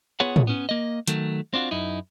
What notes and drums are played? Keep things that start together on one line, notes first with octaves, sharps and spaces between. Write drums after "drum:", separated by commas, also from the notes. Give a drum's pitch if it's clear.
B3 F4 G#4 B4 C#5 F#5
drum: tom
B3 C#4
A#3 D#5
D#3 F#3 A3, drum: hi-hat
C4 D4 F4 F#4
F#2 D#4 E4